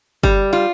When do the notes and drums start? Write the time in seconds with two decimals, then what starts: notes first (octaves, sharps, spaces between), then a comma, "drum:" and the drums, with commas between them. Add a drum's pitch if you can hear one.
0.23 G3, drum: kick G1
0.53 F4